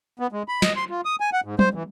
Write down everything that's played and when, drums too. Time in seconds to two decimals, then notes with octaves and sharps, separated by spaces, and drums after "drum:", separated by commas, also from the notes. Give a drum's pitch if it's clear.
0.19 B3
0.32 G#3
0.48 B5
0.62 D#5, drum: snare
0.76 C6
0.90 F4
1.05 D#6
1.20 G#5
1.33 F#5
1.44 G#2
1.59 C5, drum: tom
1.74 E3